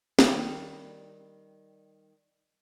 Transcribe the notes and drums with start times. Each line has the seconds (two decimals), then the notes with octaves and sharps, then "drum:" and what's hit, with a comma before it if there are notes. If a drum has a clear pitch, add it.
0.19 D#3 G3 G5, drum: snare